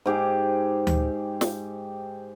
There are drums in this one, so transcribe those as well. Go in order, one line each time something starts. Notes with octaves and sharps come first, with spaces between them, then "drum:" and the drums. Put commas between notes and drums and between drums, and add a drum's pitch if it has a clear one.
G#2 G4 G#4 D6
drum: tom D2
drum: snare